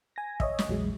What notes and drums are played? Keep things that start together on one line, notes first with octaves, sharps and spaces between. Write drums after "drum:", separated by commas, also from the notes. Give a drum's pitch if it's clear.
G#5 A#6
C#5 D#5 E5, drum: kick
drum: snare
A#1 E2 F#3 G#3